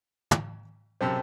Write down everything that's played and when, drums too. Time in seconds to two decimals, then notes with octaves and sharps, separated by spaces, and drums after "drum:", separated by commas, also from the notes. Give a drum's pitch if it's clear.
0.31 drum: tom
1.01 B1 F#2 C3 C5 G5 A5